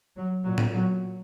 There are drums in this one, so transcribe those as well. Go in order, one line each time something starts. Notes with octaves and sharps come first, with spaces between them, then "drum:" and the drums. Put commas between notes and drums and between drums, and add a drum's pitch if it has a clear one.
F#3
A#2 F#3
drum: tom
F#3